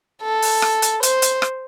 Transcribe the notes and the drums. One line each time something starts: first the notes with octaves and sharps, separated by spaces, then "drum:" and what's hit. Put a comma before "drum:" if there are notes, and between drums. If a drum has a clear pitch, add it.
A4
drum: open hi-hat
drum: rim click
drum: hi-hat
C5, drum: hi-hat
drum: hi-hat
drum: rim click